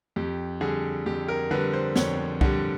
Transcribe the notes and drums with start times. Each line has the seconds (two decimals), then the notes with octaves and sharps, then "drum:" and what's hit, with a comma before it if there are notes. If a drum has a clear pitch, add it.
0.16 F2 G4
0.61 D3 G3 G#4
1.06 F2 G4
1.28 A#4
1.51 D3 G3 B4
1.73 C5
1.96 F2 C#5, drum: snare
2.41 D3 G3, drum: kick C2